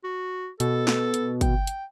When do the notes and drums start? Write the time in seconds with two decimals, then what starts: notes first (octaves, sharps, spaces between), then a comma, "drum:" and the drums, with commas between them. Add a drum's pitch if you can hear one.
0.04 F#4
0.60 B2 A4, drum: hi-hat
0.87 drum: snare
1.14 drum: hi-hat
1.41 G5, drum: kick, hi-hat
1.67 drum: hi-hat